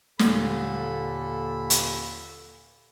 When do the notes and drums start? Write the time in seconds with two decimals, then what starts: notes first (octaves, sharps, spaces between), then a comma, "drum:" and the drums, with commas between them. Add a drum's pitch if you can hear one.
0.19 D#2 A#2 D3 A#3 A4 B5, drum: snare
1.70 drum: hi-hat